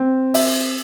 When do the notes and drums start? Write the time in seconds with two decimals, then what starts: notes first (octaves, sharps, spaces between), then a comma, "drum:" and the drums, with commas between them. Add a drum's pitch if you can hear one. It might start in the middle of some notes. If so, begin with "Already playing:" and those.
Already playing: C4
0.34 E5, drum: open hi-hat